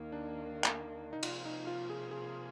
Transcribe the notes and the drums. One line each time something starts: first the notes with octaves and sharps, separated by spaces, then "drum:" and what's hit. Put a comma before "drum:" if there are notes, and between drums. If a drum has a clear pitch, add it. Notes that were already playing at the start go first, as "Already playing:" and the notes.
Already playing: D#2 D#3 A#3
D4
drum: clap
D#4
C3 F3 A#3 F4, drum: cymbal
D#4
F4
G#4
G#4